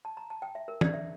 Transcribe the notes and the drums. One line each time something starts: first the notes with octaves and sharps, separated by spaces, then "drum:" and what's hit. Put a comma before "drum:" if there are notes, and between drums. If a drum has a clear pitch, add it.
A5
A#5
A5
G5
E5
A#4
D5, drum: tom
E5